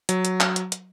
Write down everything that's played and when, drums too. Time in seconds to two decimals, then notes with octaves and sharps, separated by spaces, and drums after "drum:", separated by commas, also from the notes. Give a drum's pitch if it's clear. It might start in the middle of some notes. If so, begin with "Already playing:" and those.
0.09 F#3, drum: hi-hat
0.25 drum: hi-hat
0.40 drum: clap
0.56 drum: hi-hat
0.72 drum: hi-hat